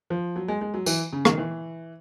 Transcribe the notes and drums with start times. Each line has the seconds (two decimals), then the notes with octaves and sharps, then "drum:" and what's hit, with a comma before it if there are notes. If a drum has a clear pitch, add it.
0.10 F3
0.36 F#3
0.48 G#3
0.61 G#3
0.74 F#3
0.86 E3, drum: tambourine
1.13 C#3
1.25 D#3, drum: rim click
1.38 E3